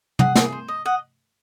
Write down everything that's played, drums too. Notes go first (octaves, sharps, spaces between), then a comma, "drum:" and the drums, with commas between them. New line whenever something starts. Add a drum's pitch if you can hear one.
G#4 F#5, drum: tom
G#4, drum: snare
C5
D#5
D#5 F#5